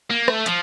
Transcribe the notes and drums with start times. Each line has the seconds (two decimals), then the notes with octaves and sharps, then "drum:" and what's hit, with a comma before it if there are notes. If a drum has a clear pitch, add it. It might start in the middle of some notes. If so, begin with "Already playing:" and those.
0.10 A#3
0.28 A3, drum: rim click
0.46 F3, drum: hi-hat